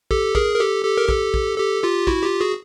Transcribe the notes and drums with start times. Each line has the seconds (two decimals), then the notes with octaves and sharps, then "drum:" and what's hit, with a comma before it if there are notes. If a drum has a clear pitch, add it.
0.11 G4 A4, drum: kick
0.35 G#4 A#4, drum: kick
0.55 A#4
0.60 G4 A4
0.85 G4 A4
0.97 A#4
1.09 G4 A4, drum: kick
1.34 drum: kick
1.58 G4 A4
1.83 F4 G4
2.07 E4 F#4, drum: kick
2.23 F4 G4
2.41 F#4 G#4